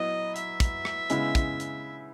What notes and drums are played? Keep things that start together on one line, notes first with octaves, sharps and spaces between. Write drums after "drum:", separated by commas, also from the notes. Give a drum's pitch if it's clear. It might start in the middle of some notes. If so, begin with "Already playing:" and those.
Already playing: F#3 B3 E4 D#5
E5, drum: hi-hat
drum: kick, hi-hat
drum: rim click
C#3 G#3 B3 E4, drum: hi-hat
drum: kick, hi-hat
drum: hi-hat